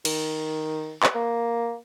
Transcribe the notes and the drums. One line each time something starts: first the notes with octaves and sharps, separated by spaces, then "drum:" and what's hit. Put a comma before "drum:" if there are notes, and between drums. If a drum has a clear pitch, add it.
D#3, drum: cymbal
drum: clap
A#3